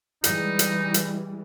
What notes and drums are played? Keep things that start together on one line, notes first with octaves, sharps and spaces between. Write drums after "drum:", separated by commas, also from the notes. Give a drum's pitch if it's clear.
E3 G3 G#3 D#4, drum: hi-hat
drum: hi-hat
drum: hi-hat